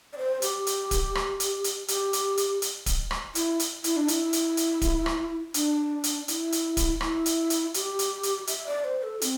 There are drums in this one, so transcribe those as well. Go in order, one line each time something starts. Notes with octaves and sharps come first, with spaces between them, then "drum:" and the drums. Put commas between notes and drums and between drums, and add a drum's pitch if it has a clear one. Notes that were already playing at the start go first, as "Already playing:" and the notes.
D5
C5
G4, drum: hi-hat
drum: hi-hat
drum: kick D1, hi-hat
drum: rim click
drum: hi-hat
drum: hi-hat
G4, drum: hi-hat
drum: hi-hat
drum: hi-hat
drum: hi-hat
drum: kick D1, hi-hat
drum: rim click
E4, drum: hi-hat
drum: hi-hat
E4, drum: hi-hat
D4
E4, drum: hi-hat
drum: hi-hat
drum: hi-hat
drum: kick D1, hi-hat
drum: rim click
D4, drum: hi-hat
drum: hi-hat
E4, drum: hi-hat
drum: hi-hat
drum: kick D1, hi-hat
E4, drum: rim click
drum: hi-hat
drum: hi-hat
G4, drum: hi-hat
drum: hi-hat
drum: hi-hat
E5, drum: hi-hat
D5
C5
A4
C4, drum: hi-hat